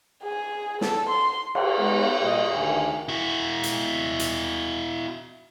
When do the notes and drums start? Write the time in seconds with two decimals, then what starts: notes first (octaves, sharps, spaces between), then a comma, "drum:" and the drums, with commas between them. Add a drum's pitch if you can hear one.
0.23 G#4
0.81 A4, drum: snare
1.09 C6
1.55 drum: cymbal
1.79 G#3 B3 D#4 F#4
2.22 A#2 G3 F#4 D#5
2.53 D2 D#3 G#5
3.09 E4 F#4
3.63 drum: hi-hat
4.19 drum: hi-hat